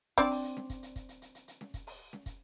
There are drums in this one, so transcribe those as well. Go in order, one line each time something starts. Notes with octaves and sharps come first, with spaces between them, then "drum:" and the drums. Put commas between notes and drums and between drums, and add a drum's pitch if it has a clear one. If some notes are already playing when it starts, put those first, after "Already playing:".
C4 D4 D5, drum: kick
drum: open hi-hat
drum: hi-hat
drum: snare C#4
drum: kick, hi-hat
drum: hi-hat
drum: kick, hi-hat
drum: hi-hat
drum: hi-hat
drum: hi-hat
drum: hi-hat
drum: snare C#4
drum: kick, hi-hat
drum: open hi-hat
drum: snare C#4
drum: kick, hi-hat